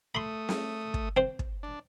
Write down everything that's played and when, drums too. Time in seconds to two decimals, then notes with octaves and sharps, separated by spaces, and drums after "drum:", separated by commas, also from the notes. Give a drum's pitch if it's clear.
0.15 A3 B5 C6 D#6
0.49 drum: snare
0.94 drum: kick
1.17 C4 C5
1.39 drum: kick
1.63 D4